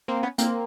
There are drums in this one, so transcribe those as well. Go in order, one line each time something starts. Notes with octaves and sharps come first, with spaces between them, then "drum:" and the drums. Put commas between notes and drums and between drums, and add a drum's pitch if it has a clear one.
A#3 C4
B3 C#4
A#3 C4, drum: hi-hat